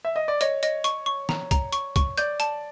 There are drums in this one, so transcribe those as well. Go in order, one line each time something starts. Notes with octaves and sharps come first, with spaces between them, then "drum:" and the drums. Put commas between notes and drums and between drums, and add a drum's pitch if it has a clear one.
E5
D#5
D5
C#5 D#5, drum: hi-hat
D#5, drum: hi-hat
C#6, drum: hi-hat
C#6
A#5, drum: snare
A#5, drum: kick, hi-hat
C#6, drum: hi-hat
C#6, drum: kick, hi-hat
D5 G6, drum: hi-hat
A5, drum: hi-hat